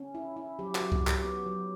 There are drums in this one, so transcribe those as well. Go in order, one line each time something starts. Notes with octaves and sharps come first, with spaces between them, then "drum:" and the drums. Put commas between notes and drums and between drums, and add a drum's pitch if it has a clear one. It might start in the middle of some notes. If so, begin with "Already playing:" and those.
Already playing: C#4
E4
E4
F#3 G4
F#4, drum: clap
F#3
F#4, drum: kick C2
E4
G4, drum: clap
B3
F#3